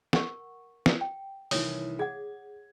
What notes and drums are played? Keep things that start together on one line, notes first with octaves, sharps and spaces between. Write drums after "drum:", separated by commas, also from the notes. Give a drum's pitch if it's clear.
A#4 F#5 C#6, drum: snare
drum: snare
G5
C2 D#3 E3 C#5 D#6, drum: open hi-hat
G#4 F#5 G#6